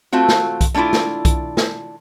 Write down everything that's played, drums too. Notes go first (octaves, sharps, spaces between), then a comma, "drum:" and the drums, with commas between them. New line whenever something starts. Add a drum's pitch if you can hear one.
A3 C4 F4 F#4
drum: snare
drum: kick B1, hi-hat
A3 C#4 D4 E4 F4
drum: snare
drum: kick B1, hi-hat
drum: snare